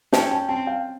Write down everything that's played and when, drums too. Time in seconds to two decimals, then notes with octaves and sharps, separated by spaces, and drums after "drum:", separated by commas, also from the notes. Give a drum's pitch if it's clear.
0.13 C#4 G5 A5, drum: snare
0.31 G5 A5
0.49 C4 G5 A5
0.67 F5 G5